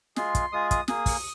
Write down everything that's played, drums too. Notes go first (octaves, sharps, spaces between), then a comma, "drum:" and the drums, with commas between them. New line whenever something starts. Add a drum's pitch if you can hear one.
G#3 F4 G#4 C6, drum: snare
drum: kick, hi-hat
G#3 F4 G#4 D#6
D#6, drum: kick, hi-hat
A#3 G#4 D#6, drum: snare
drum: kick, open hi-hat